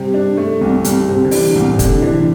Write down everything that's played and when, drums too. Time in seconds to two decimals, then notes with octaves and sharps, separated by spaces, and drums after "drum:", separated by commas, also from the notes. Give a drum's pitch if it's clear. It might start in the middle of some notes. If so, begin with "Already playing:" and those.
Already playing: C3 G3
0.14 D4
0.37 A3
0.61 C2
0.84 C2, drum: hi-hat
1.08 C3
1.25 D3
1.31 E3 D4, drum: open hi-hat
1.55 C2 A2
1.74 C3
1.79 D3 D4, drum: kick, hi-hat
2.02 E3 D4